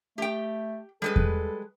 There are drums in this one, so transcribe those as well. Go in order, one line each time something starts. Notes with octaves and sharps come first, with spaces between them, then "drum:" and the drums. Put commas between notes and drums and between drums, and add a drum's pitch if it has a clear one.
A3 G4 G5
G3 G#3 A4 B4
drum: kick E2